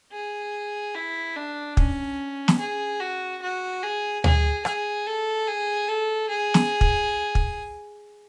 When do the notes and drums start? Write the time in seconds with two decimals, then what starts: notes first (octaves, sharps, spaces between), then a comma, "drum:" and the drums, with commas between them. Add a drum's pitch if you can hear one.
0.12 G#4
0.94 E4
1.36 D4
1.77 C#4, drum: kick
2.48 drum: snare
2.59 G#4
3.00 F#4
3.41 F#4
3.83 G#4
4.24 G#4, drum: tom D2
4.65 G#4, drum: rim click
5.06 A4
5.47 G#4
5.88 A4
6.29 G#4
6.54 drum: snare
6.81 drum: kick
7.35 drum: kick